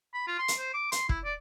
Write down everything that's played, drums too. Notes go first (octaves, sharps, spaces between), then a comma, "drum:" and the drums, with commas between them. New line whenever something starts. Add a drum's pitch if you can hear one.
B5
F4
C6
drum: hi-hat
C5
D6
C6, drum: hi-hat
E4, drum: kick
D5